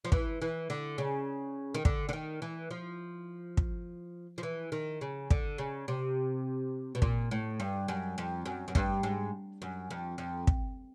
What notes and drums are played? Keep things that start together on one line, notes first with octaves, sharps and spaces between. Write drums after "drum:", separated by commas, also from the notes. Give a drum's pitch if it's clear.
F3
E3, drum: kick
E3
D3
C#3
D#3
D3, drum: kick
D3
D#3
E3
F3
drum: kick
F3
E3
D#3
C#3
D3, drum: kick
C#3
C3
B2
A#2, drum: kick
A2
G2
F#2
F2
F#2
F#2
G2, drum: kick
G#2
F#2
F2
F2
drum: kick